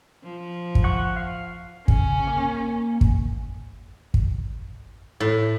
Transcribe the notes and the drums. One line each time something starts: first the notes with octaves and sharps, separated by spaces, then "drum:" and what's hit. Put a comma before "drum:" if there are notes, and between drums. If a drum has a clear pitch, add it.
F3
drum: kick
F#5 C#6
F5
C#3 C#4, drum: kick
A#3
drum: kick
drum: kick
A2